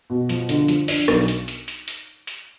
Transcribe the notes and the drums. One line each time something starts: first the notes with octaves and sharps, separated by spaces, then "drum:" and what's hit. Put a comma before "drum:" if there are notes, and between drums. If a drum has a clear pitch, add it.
B2
F3, drum: hi-hat
D3, drum: hi-hat
F3, drum: hi-hat
D4, drum: open hi-hat
B1, drum: rim click
drum: hi-hat
drum: hi-hat
drum: hi-hat
drum: hi-hat
drum: hi-hat